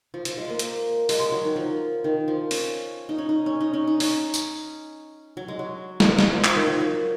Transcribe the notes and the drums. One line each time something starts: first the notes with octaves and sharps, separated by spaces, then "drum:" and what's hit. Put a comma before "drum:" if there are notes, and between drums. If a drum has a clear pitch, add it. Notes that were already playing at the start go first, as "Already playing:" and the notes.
F3
F3, drum: hi-hat
G#3
A#3
drum: hi-hat
G#3, drum: open hi-hat
G#3
F#3
D#3
F3
D#3
F3
C#4, drum: open hi-hat
D#4
C#4
D#4
C#4
D#4
C#4
D#4
C#4, drum: open hi-hat
drum: tambourine
F#3
G#3
F#3
drum: snare
drum: snare
F3
F3, drum: clap
D#3
F3
F#3